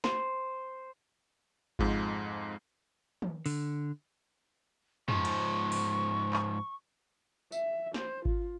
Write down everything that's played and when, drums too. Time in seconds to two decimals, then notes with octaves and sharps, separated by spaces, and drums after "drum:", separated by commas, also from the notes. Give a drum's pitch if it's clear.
0.04 C5, drum: snare
1.79 F2 G#2 G#3 F4, drum: kick G#1
3.22 drum: tom D#3
3.46 D3, drum: open hi-hat
5.08 G#2 F3 C#6, drum: tom
5.25 drum: cymbal
5.72 drum: open hi-hat
6.33 drum: clap
7.52 E5, drum: tambourine
7.94 C5, drum: snare
8.25 F4, drum: kick G#1